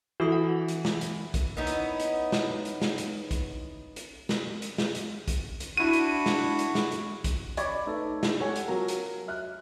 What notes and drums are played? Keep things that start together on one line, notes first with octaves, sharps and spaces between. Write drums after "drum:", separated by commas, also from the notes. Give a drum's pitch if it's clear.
E3 F#4 A4 D#6
F#5
drum: hi-hat
drum: snare
drum: hi-hat
drum: kick, hi-hat
B3 C#4 D#4 E4
drum: hi-hat
drum: hi-hat
drum: snare
drum: hi-hat
drum: snare
drum: hi-hat
drum: kick, hi-hat
drum: hi-hat
drum: snare
drum: hi-hat
drum: snare
drum: hi-hat
drum: kick, hi-hat
drum: hi-hat
D4 E4 F#4 D#7
drum: hi-hat
drum: snare
drum: hi-hat
drum: snare
drum: hi-hat
drum: kick, hi-hat
C#5 D5 B5 C#6 D6 G#6, drum: hi-hat
A3 D#4 A4 B4
drum: snare
G4 A4 C#5 F#5 G#5
drum: hi-hat
F#3 F4 A#4
drum: hi-hat
E5 F6 F#6